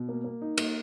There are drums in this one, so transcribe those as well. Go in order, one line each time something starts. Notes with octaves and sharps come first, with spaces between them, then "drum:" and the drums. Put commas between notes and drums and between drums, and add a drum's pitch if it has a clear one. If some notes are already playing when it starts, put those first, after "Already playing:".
Already playing: B2
A#3
A#3
D#4
A#3, drum: cymbal